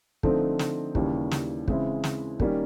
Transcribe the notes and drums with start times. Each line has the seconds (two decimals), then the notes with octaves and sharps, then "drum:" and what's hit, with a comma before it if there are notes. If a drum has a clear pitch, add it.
0.23 D3 F3 A3 C4 D#4, drum: kick
0.59 drum: snare
0.95 D#2 C#3 E3 G3, drum: kick
1.31 drum: snare
1.68 C#3 E3 G#3 C4 E4, drum: kick
2.04 drum: snare
2.40 D#3 G3 A#3 C#4, drum: kick